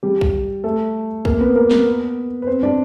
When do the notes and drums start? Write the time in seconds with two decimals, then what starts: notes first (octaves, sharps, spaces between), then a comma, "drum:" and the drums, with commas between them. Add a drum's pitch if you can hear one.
0.03 G3 G4
0.21 drum: kick A#1
0.64 A3 A4
1.25 A#3 A#4, drum: kick A#1
1.41 B3 B4
1.56 A#3 A#4
1.71 B3 B4, drum: snare
2.42 B4
2.47 C4 C5
2.63 D4 D5